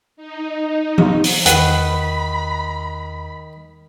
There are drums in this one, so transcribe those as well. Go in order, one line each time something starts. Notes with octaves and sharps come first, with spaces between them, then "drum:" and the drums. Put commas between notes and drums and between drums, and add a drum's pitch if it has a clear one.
D#4
drum: tom E3
drum: open hi-hat
E2 D#3 B4 F#5 B5, drum: hi-hat